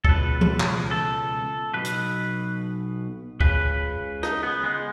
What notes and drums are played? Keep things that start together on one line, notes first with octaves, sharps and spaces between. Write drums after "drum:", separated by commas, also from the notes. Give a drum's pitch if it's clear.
A4, drum: kick
C#2 B2 B4
drum: tom E3
drum: clap
A4
B1 B2 B4
drum: hi-hat
C#2 C#3 B4, drum: kick
D#4, drum: rim click
B3
G#3